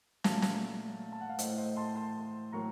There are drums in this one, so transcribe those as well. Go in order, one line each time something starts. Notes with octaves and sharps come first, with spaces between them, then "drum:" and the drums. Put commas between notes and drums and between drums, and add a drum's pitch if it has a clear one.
A#2 F#3 A3 F5 A5, drum: snare
drum: snare
A5
F#5
F5
A2 A3 C5 D#5, drum: hi-hat
C5 D#5
A5 C6
A5 C6
A2 F#3 A#3 A#5 C#6